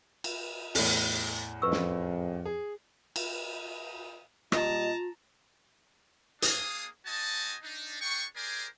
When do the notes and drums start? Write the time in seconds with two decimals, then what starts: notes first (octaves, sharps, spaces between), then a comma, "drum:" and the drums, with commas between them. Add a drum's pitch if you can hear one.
0.24 drum: cymbal
0.75 E2 A2, drum: open hi-hat
1.62 F2 B4 C#6 E6
1.72 drum: snare
2.45 G#4
3.16 drum: cymbal
4.52 A#2 G3 F4 D#5 A5 A#5, drum: rim click
6.42 A#3 D4 G#4 F5 D#6, drum: hi-hat
7.06 C4 F#4 D#5 G#5 A5
7.63 D4 D#4
8.00 D4 G#4 G5 C#6
8.36 G4 G#4 A#4 C5 D5 G#5